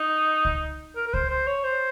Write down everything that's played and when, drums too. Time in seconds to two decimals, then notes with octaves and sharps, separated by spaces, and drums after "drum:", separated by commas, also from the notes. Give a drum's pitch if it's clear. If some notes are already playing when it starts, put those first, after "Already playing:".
Already playing: D#4
0.45 drum: kick C#2
0.96 A#4
1.07 A#4
1.14 C5, drum: kick C#2
1.30 C5
1.47 C#5
1.64 C5